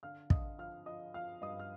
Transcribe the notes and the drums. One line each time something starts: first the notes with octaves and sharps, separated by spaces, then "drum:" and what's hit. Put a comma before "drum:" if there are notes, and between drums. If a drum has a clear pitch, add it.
D3 F5 F6
D3 D#5 D#6, drum: kick
F3 F5 F6
F3 D#5 D#6
F3 F5 F6
G2 D#5 D#6
F6